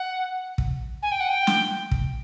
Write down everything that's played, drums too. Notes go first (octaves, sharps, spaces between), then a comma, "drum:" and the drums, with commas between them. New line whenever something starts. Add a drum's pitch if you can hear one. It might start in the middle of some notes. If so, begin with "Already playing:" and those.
Already playing: F#5
drum: kick
G#5
G5
F#5
G5
drum: snare
drum: kick